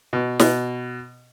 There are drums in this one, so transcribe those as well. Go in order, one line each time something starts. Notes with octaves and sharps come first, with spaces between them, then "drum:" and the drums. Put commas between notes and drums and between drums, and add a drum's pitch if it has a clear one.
B2
B2, drum: snare